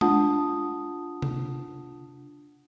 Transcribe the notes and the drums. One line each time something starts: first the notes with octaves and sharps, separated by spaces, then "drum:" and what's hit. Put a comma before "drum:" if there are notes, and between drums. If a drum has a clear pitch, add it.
D4 F4 F#5 A5 D#6, drum: tom G#3
drum: tom C3